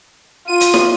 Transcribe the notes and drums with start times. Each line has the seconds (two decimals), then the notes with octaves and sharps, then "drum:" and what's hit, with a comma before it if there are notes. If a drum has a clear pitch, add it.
0.48 F4 D#7
0.61 drum: hi-hat
0.74 drum: snare